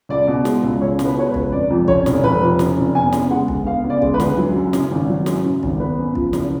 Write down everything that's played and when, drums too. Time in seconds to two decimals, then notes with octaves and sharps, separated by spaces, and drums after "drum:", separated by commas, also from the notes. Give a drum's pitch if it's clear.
0.09 C#2 D5
0.28 B2
0.45 G#3, drum: snare
0.63 C#2
0.81 C#2 C#5
0.99 B2, drum: snare
1.05 B4
1.17 G#3 C#5
1.29 B4
1.34 C#2, drum: kick
1.52 F1 D5
1.70 F2
1.88 C#3 C#5, drum: kick
2.06 F1, drum: snare
2.23 F1 B4
2.41 F2
2.59 C#3, drum: snare
2.77 F1
2.95 B3 G#5
3.13 C#3, drum: snare
3.31 G#3 F#5
3.48 D2, drum: kick
3.67 B3 F5
3.84 C#3
3.90 D5
4.02 G#3, drum: kick
4.14 B4
4.20 D2, drum: snare
4.37 F#3
4.55 F#2
4.73 C#3, drum: snare
4.91 G#1
5.08 F#3
5.26 F#2, drum: snare
5.45 C#3
5.63 G#1, drum: kick
5.80 B3 B4
5.98 F#2
6.15 F3, drum: kick
6.33 F#1, drum: snare